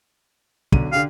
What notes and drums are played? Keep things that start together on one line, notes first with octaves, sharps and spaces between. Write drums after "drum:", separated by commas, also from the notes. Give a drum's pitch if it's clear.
B1 D3 D#7, drum: kick
D3 D4 G4 F5